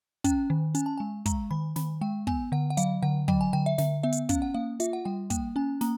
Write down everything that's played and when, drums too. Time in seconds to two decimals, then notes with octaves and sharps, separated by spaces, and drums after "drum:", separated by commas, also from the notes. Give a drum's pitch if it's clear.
0.24 C#4 G5, drum: kick, hi-hat
0.50 D#3
0.75 C#4 G#5, drum: hi-hat
0.86 A5
0.98 G#3 G#5
1.26 G#3 A#5, drum: kick, hi-hat
1.51 D#3 B5
1.76 D#3 B5, drum: snare
2.01 G#3 G5
2.27 B3 G#5, drum: kick
2.52 D3 F#5
2.70 F#5
2.77 F#3 F5, drum: hi-hat
3.03 D3 F#5
3.28 F#3 G5, drum: kick
3.41 G#5
3.53 D3 G5
3.66 E5
3.78 D3 E5, drum: snare
4.03 B3 E5
4.12 drum: hi-hat
4.29 C#4 F5, drum: kick, hi-hat
4.42 F#5
4.54 A#3 F5
4.80 F4 E5, drum: hi-hat
4.93 F#5
5.05 G3 G5
5.30 A#3 G5, drum: kick, hi-hat
5.56 C#4 G#5
5.81 A#3 A#5, drum: snare